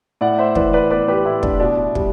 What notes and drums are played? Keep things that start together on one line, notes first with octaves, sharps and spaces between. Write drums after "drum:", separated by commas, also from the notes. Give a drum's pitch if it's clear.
A2 D5 F#5
C5 E5
E3 B4 D5, drum: kick
B4 D5
B3 B4 D5
G4 B4
A2 E4
D4, drum: kick
B2 D4
G3, drum: kick